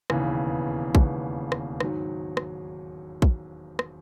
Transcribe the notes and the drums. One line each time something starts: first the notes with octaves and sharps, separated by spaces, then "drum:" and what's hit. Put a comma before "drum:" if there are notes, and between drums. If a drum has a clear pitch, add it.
E1 D#2 C#3 E3 B3, drum: rim click
E1 D#2 C#3 E3 B3, drum: kick
drum: rim click
G#2 D#3 F#3, drum: rim click
drum: rim click
drum: kick
drum: rim click